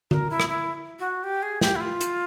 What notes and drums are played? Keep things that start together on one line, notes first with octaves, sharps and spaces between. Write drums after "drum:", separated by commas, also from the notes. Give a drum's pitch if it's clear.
A#4, drum: tom D3
E4
drum: rim click
E4
F#4
G4
G#4
G4, drum: snare
E4
F4
drum: hi-hat